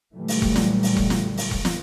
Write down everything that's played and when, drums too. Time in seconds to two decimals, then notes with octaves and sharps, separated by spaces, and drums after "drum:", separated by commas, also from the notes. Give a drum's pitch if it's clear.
0.15 A#2 D3 E3 F#3 G3 A3
0.28 drum: open hi-hat
0.42 drum: kick E1
0.56 drum: snare
0.83 drum: open hi-hat
0.97 drum: kick E1
1.10 drum: snare
1.37 drum: open hi-hat
1.51 drum: kick E1
1.65 drum: snare